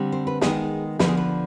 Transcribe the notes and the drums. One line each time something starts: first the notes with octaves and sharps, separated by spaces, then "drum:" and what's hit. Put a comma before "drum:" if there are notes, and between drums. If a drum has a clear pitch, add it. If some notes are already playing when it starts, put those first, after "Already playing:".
Already playing: D3 G3 C4
C5
B4
D#3 G#3 B3 G#4, drum: snare
D3 F3 B3 B4, drum: snare
G#4
B4